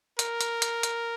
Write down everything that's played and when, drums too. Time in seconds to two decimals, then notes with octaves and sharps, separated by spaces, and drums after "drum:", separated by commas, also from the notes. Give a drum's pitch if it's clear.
0.19 A#4, drum: hi-hat
0.41 drum: hi-hat
0.62 drum: hi-hat
0.83 drum: hi-hat